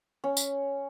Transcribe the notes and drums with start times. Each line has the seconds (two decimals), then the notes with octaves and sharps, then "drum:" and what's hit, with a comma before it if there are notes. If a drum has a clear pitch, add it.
0.24 C#4
0.37 drum: tambourine